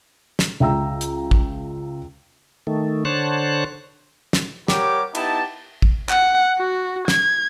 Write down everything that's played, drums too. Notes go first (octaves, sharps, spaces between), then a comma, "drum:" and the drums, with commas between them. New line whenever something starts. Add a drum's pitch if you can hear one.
drum: snare
C#2 E5 G5 A#5 E6
drum: hi-hat
drum: kick
D#3 A3
D3 C5 C#5 A5 F#6
drum: snare
G3 G4 A#4 C#5 F#5 D6, drum: snare
B3 D#4 E4 G4 A5, drum: cymbal
drum: kick
F#5, drum: clap
F#4
G#6, drum: snare